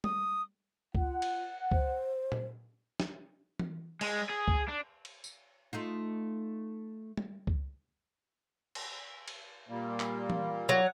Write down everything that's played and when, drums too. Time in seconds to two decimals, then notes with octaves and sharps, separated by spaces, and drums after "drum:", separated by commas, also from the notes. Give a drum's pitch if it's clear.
0.04 D#6, drum: tom
0.95 F4 F#5, drum: kick
1.22 drum: cymbal
1.71 C5, drum: kick
2.32 drum: tom A#2
3.00 drum: snare
3.59 drum: tom E3
4.01 G#3, drum: cymbal
4.30 G#4
4.48 drum: kick
4.68 D4
5.05 drum: cymbal
5.24 drum: tambourine
5.73 A3 D#4 F4
7.17 drum: tom
7.47 drum: kick
8.75 drum: cymbal
9.28 drum: cymbal
9.69 A#2 G3 A#3
10.00 drum: clap
10.30 drum: tom E3
10.69 F#3